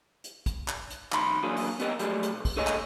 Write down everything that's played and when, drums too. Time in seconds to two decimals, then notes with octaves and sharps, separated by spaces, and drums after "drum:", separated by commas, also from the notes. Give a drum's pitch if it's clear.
0.24 drum: hi-hat
0.46 drum: kick, hi-hat
0.68 drum: clap
0.90 drum: hi-hat
1.12 F2 D#3 B5 C6, drum: clap
1.43 E3 F#3 A#3 D4 G#4
1.57 drum: open hi-hat
1.80 B3 G4 A#4 D5 D#5 G5, drum: hi-hat
1.99 F3 F#3 A3 G4 G#4 D5, drum: hi-hat
2.23 drum: hi-hat
2.33 B1
2.45 drum: kick, open hi-hat
2.57 G#4 A4 C#5 D#5 G#5
2.67 drum: clap